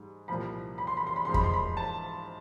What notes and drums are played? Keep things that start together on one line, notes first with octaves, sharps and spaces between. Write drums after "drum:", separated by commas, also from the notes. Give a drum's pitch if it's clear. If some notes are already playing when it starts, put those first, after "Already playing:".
Already playing: G#2 G3
C2 A#2 F3 B5
B5
C6
B5
C6
B5
G#2 F3 C6
B5, drum: kick F2
C6
B5
A5